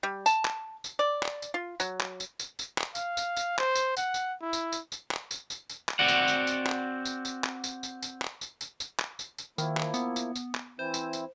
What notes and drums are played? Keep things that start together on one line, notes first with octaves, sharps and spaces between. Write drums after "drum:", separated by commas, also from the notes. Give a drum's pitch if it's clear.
G3
A5, drum: tambourine
drum: clap
drum: tambourine
D5
drum: clap
drum: tambourine
F4
F#3, drum: tambourine
drum: clap
drum: tambourine
drum: tambourine
drum: tambourine
drum: clap
F5, drum: tambourine
drum: tambourine
drum: tambourine
C5, drum: clap
drum: tambourine
F#5, drum: tambourine
drum: tambourine
E4
drum: tambourine
drum: tambourine
drum: tambourine
drum: clap
drum: tambourine
drum: tambourine
drum: tambourine
drum: clap
C4 F#4 D5 F#5
drum: tambourine
drum: tambourine
drum: tambourine
drum: clap
drum: tambourine
drum: tambourine
drum: clap
drum: tambourine
drum: tambourine
drum: tambourine
drum: clap
drum: tambourine
drum: tambourine
drum: tambourine
drum: clap
drum: tambourine
drum: tambourine
D#3 F3 A#3 E4, drum: tambourine
drum: clap
B3, drum: tambourine
drum: tambourine
drum: tambourine
drum: clap
E3 C4 E4 C5
drum: tambourine
drum: tambourine